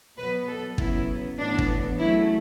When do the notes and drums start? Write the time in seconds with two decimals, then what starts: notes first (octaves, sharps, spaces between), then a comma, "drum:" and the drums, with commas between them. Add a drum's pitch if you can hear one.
0.17 B2 F#3 B3 B4
0.48 A4
0.78 C#3 F#3 B3 E4, drum: kick
1.38 A2 E3 B3 D4
1.58 drum: kick
1.98 C#3 F#3 A3 E4